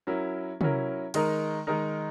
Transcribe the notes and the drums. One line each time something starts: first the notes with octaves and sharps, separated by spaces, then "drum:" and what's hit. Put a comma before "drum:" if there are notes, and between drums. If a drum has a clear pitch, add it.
F#3 C#4 E4 A#4
F#3 C#4 E4 A#4, drum: tom
D#3 G#3 D#4 A#4, drum: cymbal
D#3 G#3 D#4 A#4